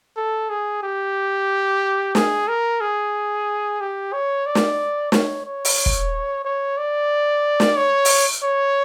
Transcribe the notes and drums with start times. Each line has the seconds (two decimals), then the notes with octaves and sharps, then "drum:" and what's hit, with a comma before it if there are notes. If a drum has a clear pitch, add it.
0.17 A4
0.50 G#4
0.83 G4
2.15 G#4, drum: snare
2.48 A#4
2.81 G#4
3.80 G4
4.13 C#5
4.46 D5
4.55 drum: snare
5.12 C#5, drum: snare
5.45 C#5
5.65 drum: open hi-hat
5.86 drum: kick
6.45 C#5
6.78 D5
7.60 drum: snare
7.77 C#5
8.05 drum: open hi-hat
8.43 C#5